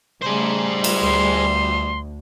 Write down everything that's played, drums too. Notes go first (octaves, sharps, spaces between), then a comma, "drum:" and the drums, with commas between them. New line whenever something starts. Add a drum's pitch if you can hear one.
C#3 G3 A3 G#4 C5
drum: cymbal
D2 C6